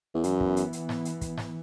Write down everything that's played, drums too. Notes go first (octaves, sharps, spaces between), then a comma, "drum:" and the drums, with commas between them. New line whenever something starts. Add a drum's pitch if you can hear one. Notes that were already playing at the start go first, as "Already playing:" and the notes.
E2
F#2 E3 B3, drum: hi-hat
drum: kick
drum: hi-hat
drum: hi-hat
drum: snare G#2
drum: hi-hat
drum: kick, hi-hat
drum: snare G#2